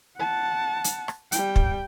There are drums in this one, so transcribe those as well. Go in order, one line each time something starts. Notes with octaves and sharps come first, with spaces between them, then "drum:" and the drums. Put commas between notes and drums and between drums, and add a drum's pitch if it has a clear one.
F#5 A5
drum: hi-hat
drum: rim click
G3 G5, drum: hi-hat
drum: kick